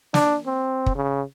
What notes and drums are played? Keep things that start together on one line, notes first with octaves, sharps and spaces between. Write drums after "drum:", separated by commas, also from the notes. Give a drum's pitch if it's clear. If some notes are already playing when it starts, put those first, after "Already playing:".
D4, drum: snare
C4
drum: kick
C#3